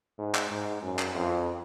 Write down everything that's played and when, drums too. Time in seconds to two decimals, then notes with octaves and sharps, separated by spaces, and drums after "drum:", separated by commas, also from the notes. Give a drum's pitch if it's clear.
0.19 G#2
0.35 drum: clap
0.51 G#2
0.83 F#2
0.99 drum: clap
1.15 F2